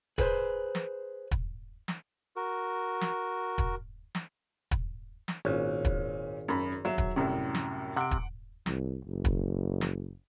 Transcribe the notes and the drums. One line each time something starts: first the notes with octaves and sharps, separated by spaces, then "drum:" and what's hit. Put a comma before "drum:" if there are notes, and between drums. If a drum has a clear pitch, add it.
G#4 B4 C5, drum: kick, hi-hat
drum: snare
drum: kick, hi-hat
drum: snare
F#4 A#4
drum: snare
drum: kick, hi-hat
drum: snare
drum: kick, hi-hat
drum: snare
G#1 A#2 C#4
drum: kick, hi-hat
F#2 B5
F#3 E5 E7
drum: kick, hi-hat
C2 F#2 A2
drum: snare
C3 F#5 D7
drum: kick, hi-hat
C2, drum: snare
F#1
drum: kick, hi-hat
drum: snare